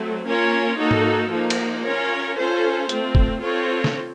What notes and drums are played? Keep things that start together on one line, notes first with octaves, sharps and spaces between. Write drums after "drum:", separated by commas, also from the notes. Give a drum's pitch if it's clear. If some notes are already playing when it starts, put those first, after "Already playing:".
Already playing: F#3 A3 C4
A#3 C#4 F4 A#4 C#5
A#3 D#4 F#4 A4
drum: tom G#2
F3 A#3 D#4
drum: cymbal
C#4 F4 A#4 C#5
C#4 F4 A4 C5
A3 C4 F4, drum: hi-hat
drum: kick
C4 F4 A4 C#5
drum: snare